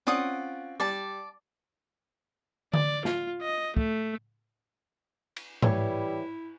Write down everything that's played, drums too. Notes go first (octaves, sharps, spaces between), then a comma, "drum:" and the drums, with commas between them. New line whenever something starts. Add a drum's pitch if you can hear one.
C4 C#4 F4 D5 F#5 D#6
G3 D5 A5
D5, drum: tom D3
F4, drum: snare
D#5
A3, drum: kick
drum: cymbal
E3 G3 B3 E4 C#5, drum: tom G#2